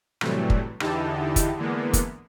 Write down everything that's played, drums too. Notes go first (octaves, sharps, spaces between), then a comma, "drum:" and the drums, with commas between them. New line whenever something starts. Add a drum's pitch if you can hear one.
A2 C3 E3 F#3 G3 A3, drum: rim click
drum: kick
E2 D3 D#4 E4 G4 A5, drum: rim click
drum: kick, hi-hat
D3 E3 G#3 A#3 B3
drum: kick, hi-hat